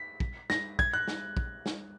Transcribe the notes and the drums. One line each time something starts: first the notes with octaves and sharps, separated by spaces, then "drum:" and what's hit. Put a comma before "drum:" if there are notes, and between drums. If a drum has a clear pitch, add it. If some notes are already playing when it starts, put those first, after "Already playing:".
Already playing: B6
drum: kick
A#6, drum: snare
G#6, drum: kick
F#6
drum: snare
drum: kick
drum: snare